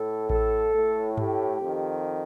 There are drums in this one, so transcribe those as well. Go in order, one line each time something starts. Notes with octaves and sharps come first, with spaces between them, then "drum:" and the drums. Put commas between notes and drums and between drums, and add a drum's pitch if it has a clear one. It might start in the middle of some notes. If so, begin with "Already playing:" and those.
Already playing: A2 A4
A4, drum: kick A1
A2
G4, drum: tom G2
F2 D#3